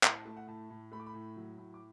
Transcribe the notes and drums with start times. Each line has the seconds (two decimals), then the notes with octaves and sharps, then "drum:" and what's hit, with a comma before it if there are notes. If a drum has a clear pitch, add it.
0.03 A2 B5, drum: clap
0.15 A5
0.25 A3 A5
0.37 F#5
0.47 A2 A5
0.70 A2
0.92 A3 B5
1.00 D6
1.06 B5
1.14 A2
1.36 F#3
1.58 A2
1.74 D6